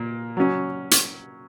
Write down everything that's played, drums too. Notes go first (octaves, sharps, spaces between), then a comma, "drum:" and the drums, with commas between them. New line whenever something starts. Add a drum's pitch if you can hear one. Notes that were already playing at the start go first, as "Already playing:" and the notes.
Already playing: A#2 A#3
F#3 C#4
drum: hi-hat